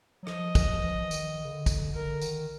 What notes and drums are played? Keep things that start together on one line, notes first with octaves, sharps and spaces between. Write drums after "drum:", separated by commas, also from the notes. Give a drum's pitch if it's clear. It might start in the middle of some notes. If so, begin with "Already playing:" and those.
F#3
F3 D#5, drum: rim click
drum: kick, tambourine
F3
E3
F3
E3
D#3, drum: tambourine
C#3
D3
drum: kick, tambourine
D3 A#4
D#3, drum: tambourine